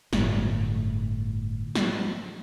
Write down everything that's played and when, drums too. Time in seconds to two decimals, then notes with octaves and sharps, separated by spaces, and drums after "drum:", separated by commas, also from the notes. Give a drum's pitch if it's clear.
0.13 G1 A2, drum: snare
1.75 drum: snare